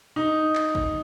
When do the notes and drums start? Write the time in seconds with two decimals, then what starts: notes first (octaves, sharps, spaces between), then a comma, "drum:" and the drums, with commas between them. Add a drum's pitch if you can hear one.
0.16 D#4
0.55 drum: clap
0.75 drum: kick